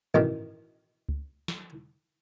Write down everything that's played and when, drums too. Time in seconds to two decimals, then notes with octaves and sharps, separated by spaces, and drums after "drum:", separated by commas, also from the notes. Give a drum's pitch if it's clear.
0.14 A1 B2 D#3, drum: tom G2
1.09 drum: kick C#2
1.48 drum: snare